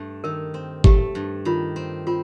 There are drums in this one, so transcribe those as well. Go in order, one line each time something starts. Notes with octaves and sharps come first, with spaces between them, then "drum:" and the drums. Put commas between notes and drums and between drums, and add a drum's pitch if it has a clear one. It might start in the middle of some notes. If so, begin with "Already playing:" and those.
Already playing: G2 A3
D#3 A#4
C4
A3 G4, drum: kick G1
G2
D#3 F4
C4
C4 F4